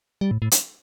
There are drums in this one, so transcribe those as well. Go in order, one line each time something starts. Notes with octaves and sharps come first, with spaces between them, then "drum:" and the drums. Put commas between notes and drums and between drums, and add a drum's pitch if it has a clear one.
G3
A2
A2
drum: hi-hat